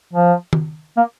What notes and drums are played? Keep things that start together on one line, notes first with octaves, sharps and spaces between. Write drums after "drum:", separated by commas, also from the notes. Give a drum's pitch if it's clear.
F3
drum: tom D#3
A#3